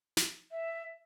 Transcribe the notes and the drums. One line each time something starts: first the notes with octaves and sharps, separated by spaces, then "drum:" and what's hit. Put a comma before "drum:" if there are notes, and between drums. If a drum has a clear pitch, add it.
drum: snare
E5